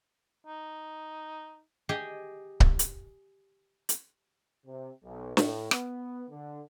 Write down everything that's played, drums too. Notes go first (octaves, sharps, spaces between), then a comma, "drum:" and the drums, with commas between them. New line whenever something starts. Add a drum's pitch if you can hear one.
D#4
G4 G#4 D#5 G#5
drum: kick C#1
drum: hi-hat
drum: hi-hat
C3
B1
A2, drum: snare
B3, drum: rim click
D3